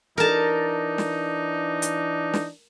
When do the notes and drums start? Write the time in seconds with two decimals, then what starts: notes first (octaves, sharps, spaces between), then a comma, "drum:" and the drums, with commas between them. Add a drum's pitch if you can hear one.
0.18 E3 D4 D#4 A#4 A5
0.98 drum: snare
1.82 drum: hi-hat
2.34 drum: snare